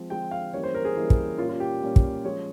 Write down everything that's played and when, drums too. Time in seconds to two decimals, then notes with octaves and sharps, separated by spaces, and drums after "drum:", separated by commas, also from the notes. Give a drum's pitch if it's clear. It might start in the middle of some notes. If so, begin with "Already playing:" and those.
Already playing: F3 G#3 C4
0.10 F3 G#3 C4 G5
0.31 F5
0.53 E3 G3 A#3 C#4 C#5
0.64 C5
0.75 A#4
0.85 G#4
0.96 E3 G3 A#3 C#4
1.10 drum: kick
1.38 A#2 G3 A#3 C#4 F4
1.49 F4
1.60 G4
1.82 A#2 G3 A#3 C#4
1.96 drum: kick
2.24 F3 G#3 C#4 C#5